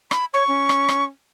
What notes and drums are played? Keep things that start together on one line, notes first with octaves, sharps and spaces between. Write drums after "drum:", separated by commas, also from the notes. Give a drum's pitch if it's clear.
B5, drum: rim click
C#5 C#6
C#4
drum: rim click
drum: rim click